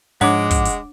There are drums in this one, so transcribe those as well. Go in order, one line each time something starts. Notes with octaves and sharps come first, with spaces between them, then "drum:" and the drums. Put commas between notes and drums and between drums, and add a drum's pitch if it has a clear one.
G#2 F3 G#3 D4 C#5 F#5 D6, drum: open hi-hat
drum: kick, hi-hat
drum: hi-hat